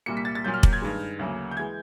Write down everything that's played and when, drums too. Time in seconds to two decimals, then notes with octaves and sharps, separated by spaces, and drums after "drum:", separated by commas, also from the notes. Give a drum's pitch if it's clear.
0.06 C2 A#2 G3 A#3 C#7
0.17 B6
0.25 A6
0.35 A6
0.44 A#2 F#3 A#3 G6
0.54 F6
0.63 drum: kick
0.73 G#6
0.82 G2 D#3 G#3
1.19 D2 C#3 F#3 A#3
1.51 G6
1.57 E3 G#3 G#6